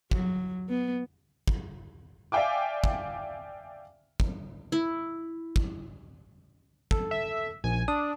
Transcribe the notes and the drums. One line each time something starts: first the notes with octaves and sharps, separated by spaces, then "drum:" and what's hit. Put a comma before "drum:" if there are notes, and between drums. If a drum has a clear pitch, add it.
F#3, drum: kick
B3
drum: kick
D5 E5 F5 G5 G#5 D6
drum: kick
drum: kick
E4
drum: kick
A4, drum: kick
E5
A#1 G#5
D4 D#6